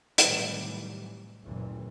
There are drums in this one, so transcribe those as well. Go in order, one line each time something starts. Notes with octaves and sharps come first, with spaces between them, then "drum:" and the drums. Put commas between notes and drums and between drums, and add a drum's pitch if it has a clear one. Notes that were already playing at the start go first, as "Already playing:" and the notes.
A2 C3 D#3 E3 F#3 G3, drum: hi-hat
F#1 D2 A#2 D3 E3